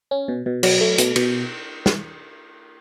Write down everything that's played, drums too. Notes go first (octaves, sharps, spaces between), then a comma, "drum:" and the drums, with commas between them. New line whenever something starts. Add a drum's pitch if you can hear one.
C#4
B2
B2
F#3, drum: cymbal
A3
B2, drum: hi-hat
B2, drum: cymbal
drum: snare